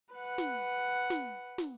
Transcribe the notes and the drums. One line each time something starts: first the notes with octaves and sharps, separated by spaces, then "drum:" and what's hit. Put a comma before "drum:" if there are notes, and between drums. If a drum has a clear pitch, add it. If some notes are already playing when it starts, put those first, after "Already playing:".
B4 F#5
drum: snare
drum: snare
drum: snare